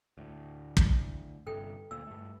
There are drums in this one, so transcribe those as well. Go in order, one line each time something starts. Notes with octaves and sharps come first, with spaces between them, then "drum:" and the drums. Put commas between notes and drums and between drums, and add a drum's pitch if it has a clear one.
D2 A2
drum: kick
G1 G2 C3 A4 G5
D2 A#2 E6
G2 A3